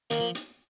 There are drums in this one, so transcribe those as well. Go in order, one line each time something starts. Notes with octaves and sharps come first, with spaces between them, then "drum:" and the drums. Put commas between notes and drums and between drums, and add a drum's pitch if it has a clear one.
D#3 A#3, drum: hi-hat
F3
drum: hi-hat